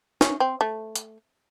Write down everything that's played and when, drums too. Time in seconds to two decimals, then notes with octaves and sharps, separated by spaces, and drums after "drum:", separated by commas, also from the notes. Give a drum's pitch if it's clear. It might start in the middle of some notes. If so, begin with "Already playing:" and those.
0.21 C#4, drum: snare
0.40 C4
0.61 A3
0.96 drum: hi-hat